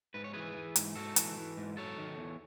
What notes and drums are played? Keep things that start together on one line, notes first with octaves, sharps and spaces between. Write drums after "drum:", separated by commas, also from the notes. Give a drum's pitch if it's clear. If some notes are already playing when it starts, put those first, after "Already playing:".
G#2 B4
C#5
E3 G#4 B4
E3
G#2, drum: hi-hat
G#2 F#4 A4
E3, drum: hi-hat
E3
G#2
F#3 A4 C#5
D#3
E2